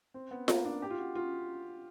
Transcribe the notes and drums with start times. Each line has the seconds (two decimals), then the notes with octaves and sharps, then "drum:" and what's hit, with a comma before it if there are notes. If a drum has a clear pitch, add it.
0.14 C4
0.31 B3
0.48 A#3, drum: snare F4
0.65 D4
0.82 G4
0.90 F4
0.98 F#4
1.15 F4